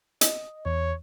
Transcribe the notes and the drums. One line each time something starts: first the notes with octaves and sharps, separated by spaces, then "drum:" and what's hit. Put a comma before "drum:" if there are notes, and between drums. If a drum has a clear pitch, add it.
D#5, drum: hi-hat
E2 C#5